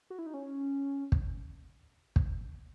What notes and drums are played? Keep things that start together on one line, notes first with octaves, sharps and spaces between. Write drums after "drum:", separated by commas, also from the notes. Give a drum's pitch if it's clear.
F#4
E4
D#4
C#4
drum: kick
drum: kick